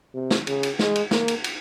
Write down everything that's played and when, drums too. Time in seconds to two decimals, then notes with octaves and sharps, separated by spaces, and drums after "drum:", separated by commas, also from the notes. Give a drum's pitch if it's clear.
0.14 C3
0.31 drum: snare
0.47 C#3, drum: cymbal
0.63 drum: cymbal
0.79 G#3, drum: snare
0.95 drum: cymbal
1.11 A#3, drum: snare
1.28 drum: cymbal
1.44 drum: cymbal